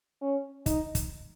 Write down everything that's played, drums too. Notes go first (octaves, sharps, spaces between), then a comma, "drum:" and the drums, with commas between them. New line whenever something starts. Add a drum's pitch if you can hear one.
C#4
D#4, drum: kick, hi-hat
drum: kick, hi-hat